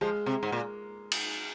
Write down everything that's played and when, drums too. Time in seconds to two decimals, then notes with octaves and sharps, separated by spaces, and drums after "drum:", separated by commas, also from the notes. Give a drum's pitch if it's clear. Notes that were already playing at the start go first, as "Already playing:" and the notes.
0.01 F3 G#3
0.26 C3
0.43 G#2
0.52 A#2
1.12 drum: cymbal